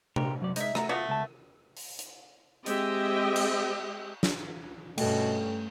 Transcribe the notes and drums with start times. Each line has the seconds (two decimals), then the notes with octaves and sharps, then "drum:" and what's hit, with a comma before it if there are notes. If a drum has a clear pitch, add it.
0.16 G4 A#4, drum: tom C3
0.41 F#2 F#3 D5
0.56 G#3 D#4 E5, drum: hi-hat
0.75 A3 F#4 E5 A#5, drum: rim click
0.89 A3 B3 F4 F#4
1.09 C#2 A5
1.77 drum: open hi-hat
1.99 drum: hi-hat
2.66 G#3 C4 G4 D#5 E5 G5, drum: hi-hat
3.36 drum: cymbal
4.23 drum: snare
4.98 G2 B2 A3 C#4 A4 G5, drum: cymbal